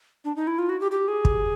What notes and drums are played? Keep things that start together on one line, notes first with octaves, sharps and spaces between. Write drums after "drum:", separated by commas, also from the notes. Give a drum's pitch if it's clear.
D4
D#4
E4
F4
F#4
G4
G4
G#4
drum: kick